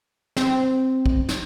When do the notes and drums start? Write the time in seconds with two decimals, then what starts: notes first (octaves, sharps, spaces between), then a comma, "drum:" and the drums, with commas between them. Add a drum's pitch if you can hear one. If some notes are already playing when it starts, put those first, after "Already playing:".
0.37 C4, drum: snare
1.06 drum: kick
1.29 drum: snare